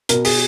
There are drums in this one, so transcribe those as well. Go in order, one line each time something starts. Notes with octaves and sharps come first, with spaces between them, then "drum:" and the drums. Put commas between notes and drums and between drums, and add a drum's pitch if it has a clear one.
B2 A#4, drum: hi-hat
G#4, drum: open hi-hat